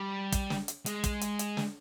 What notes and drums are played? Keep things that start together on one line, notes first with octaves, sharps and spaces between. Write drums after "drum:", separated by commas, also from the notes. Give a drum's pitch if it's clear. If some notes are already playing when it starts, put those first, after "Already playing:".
Already playing: G3
drum: kick, hi-hat
drum: snare
drum: hi-hat
G#3, drum: hi-hat
drum: kick, hi-hat
drum: hi-hat
drum: hi-hat
drum: snare